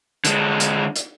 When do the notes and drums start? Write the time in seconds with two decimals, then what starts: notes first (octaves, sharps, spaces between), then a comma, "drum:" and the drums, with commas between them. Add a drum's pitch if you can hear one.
0.25 D3 G#3, drum: hi-hat
0.60 drum: hi-hat
0.96 drum: hi-hat